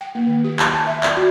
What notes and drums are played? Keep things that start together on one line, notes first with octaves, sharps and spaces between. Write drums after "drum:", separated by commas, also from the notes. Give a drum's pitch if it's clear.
G5
A#3
D#3
G4
A5, drum: clap
G#5
E5
D5, drum: clap
F#4